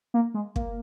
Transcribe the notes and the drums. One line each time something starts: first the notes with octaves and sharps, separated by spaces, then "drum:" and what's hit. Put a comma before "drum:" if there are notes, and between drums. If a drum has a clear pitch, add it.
A#3
G#3
A#3, drum: kick